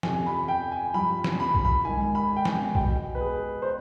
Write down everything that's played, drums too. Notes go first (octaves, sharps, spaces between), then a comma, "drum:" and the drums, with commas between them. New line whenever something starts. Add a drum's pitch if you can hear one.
F2 C3 F3 G#5, drum: snare
B5
G5
G#5
G2 F3 B5
drum: snare
B5
drum: kick B1
B5
G#2 D#3 G#5
B5
G5
G#5, drum: snare
B2 G5, drum: kick B1
B4
G#4
C5